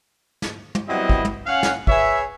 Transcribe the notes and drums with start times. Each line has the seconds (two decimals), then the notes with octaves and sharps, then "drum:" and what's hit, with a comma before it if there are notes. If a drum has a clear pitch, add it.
0.42 drum: snare
0.75 drum: tom
0.88 F#3 G3 B3 C4 E4 D#5
1.09 drum: kick
1.25 drum: tom
1.46 C#4 F5 F#5
1.63 drum: snare
1.87 G#4 B4 C#5 E5, drum: kick